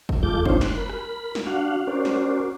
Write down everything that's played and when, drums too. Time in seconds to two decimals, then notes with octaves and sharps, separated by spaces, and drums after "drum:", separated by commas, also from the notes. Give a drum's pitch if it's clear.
0.09 drum: kick
0.23 E2 G#3 F4 A4 D6 G6
0.45 C4 D4 D#4 F4 C5 C#5, drum: kick
0.61 C6 F#6, drum: snare
0.77 A#4 B5
0.89 drum: rim click
1.35 drum: snare
1.46 D4 F#4 F5 F#5
1.87 C#4 F#4 A#4 C5 D5
2.05 drum: snare